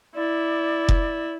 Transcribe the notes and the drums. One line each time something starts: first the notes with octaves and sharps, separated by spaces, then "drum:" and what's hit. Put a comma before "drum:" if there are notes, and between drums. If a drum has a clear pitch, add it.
E4 D5
drum: kick F1